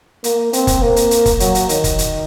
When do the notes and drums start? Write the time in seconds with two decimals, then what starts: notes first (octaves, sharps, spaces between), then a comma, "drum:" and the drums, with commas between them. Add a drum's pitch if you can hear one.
0.24 A#3, drum: hi-hat
0.53 C4, drum: hi-hat
0.67 drum: kick F1, hi-hat
0.82 A#3
0.96 drum: hi-hat
1.11 drum: hi-hat
1.26 drum: kick F1, hi-hat
1.40 F#3, drum: hi-hat
1.55 drum: hi-hat
1.69 D#3, drum: hi-hat
1.84 drum: kick F1, hi-hat
1.98 drum: hi-hat